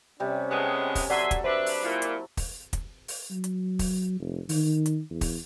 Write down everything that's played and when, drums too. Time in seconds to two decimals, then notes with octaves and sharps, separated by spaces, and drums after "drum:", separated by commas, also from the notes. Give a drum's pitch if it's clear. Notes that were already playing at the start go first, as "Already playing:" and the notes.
0.20 C3 G3 C#4
0.51 C3 G#3 B3 G#4 A4
0.95 drum: kick, open hi-hat
1.10 F#3 A4 D5 E5 F#5 G#5 C6
1.31 drum: kick, hi-hat
1.44 D4 B4 C5 E5
1.66 drum: open hi-hat
1.84 A#2 E4
2.02 drum: hi-hat
2.37 drum: kick, open hi-hat
2.73 drum: kick, hi-hat
3.08 drum: open hi-hat
3.30 F#3
3.44 drum: hi-hat
3.79 drum: kick, open hi-hat
4.20 F1
4.49 D#3, drum: open hi-hat
4.86 drum: hi-hat
5.10 E2
5.21 drum: kick, open hi-hat